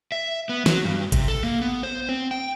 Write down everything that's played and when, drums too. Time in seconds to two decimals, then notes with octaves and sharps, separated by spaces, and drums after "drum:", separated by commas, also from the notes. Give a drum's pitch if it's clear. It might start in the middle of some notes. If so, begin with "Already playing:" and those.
0.12 E5
0.49 B3
0.66 F#3, drum: snare
0.84 G2
1.12 C3, drum: kick G#1, hi-hat
1.28 A4
1.43 A#3
1.62 B3
1.83 C5
2.09 C4
2.31 G5